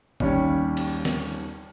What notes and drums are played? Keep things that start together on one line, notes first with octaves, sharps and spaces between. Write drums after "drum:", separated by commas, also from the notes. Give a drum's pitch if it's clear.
D#2 G3 C#4, drum: kick
drum: cymbal
drum: snare